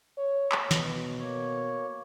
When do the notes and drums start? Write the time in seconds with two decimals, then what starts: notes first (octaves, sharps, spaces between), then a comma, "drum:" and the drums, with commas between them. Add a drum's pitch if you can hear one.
0.18 C#5
0.52 drum: clap
0.71 B2, drum: snare
1.18 A#3 C#5